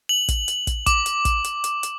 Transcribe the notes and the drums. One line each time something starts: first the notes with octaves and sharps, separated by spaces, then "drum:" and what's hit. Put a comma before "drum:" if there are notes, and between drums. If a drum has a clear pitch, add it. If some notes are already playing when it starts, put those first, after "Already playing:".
F#7
drum: kick, hi-hat
drum: hi-hat
drum: kick, hi-hat
D6, drum: kick, hi-hat
drum: hi-hat
drum: kick, hi-hat
drum: hi-hat
drum: hi-hat
drum: hi-hat